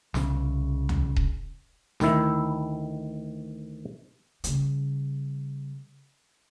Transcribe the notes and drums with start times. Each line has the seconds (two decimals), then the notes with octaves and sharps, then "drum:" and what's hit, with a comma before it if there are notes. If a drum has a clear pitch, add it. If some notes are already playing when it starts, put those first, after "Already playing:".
0.14 C2 C#3, drum: snare
0.89 drum: tom D2
1.16 drum: kick D#1
2.00 D2 D#3 E4, drum: snare
4.44 C#3 G3, drum: hi-hat